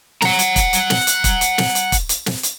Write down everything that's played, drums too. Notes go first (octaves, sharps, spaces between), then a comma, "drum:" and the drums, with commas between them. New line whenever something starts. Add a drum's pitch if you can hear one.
F#5 A#5, drum: snare
drum: hi-hat
drum: kick, hi-hat
drum: hi-hat
drum: snare
drum: hi-hat
drum: kick, hi-hat
drum: hi-hat
drum: snare
drum: hi-hat
drum: kick, hi-hat
drum: hi-hat
drum: snare
drum: hi-hat